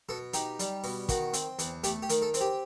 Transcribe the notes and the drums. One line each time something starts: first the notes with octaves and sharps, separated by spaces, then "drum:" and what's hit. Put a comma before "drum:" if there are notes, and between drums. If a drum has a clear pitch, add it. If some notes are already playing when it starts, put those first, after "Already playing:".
B2 A4
D#4 G4, drum: hi-hat
G3, drum: hi-hat
B2, drum: open hi-hat
D#3 F#4, drum: kick, hi-hat
C4, drum: hi-hat
E2, drum: hi-hat
A3 G4, drum: hi-hat
G4
D#3, drum: hi-hat
A4
C4, drum: hi-hat
G4